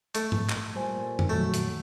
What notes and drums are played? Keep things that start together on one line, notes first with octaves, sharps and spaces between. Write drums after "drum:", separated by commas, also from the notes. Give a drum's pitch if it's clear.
A3, drum: hi-hat
drum: tom G#2
drum: clap
A#2 G3 C5 G#5
drum: tom F2
F2 A#2 D#3 F#3 A3
drum: hi-hat